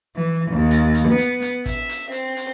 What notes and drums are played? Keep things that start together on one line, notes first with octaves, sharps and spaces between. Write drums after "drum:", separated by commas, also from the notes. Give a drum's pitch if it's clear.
E3
D#2
drum: hi-hat
drum: hi-hat
B3
drum: hi-hat
drum: hi-hat
E5, drum: kick, hi-hat
drum: hi-hat
C4, drum: hi-hat
drum: hi-hat